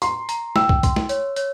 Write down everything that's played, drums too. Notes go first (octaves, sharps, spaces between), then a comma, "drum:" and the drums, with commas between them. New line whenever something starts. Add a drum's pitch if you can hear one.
A#5 C6, drum: hi-hat
A#5, drum: hi-hat
G5 E6, drum: snare
drum: kick
C6, drum: kick, hi-hat
drum: snare
C#5, drum: hi-hat
C#5, drum: hi-hat